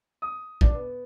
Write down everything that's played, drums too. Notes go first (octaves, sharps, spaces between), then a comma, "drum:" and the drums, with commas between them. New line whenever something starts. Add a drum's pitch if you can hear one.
D#6
D4, drum: kick
B3